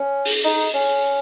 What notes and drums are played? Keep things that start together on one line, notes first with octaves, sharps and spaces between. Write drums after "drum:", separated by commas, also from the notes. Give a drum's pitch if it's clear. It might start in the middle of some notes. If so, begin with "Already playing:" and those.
Already playing: C#4
drum: open hi-hat
D#4
C#4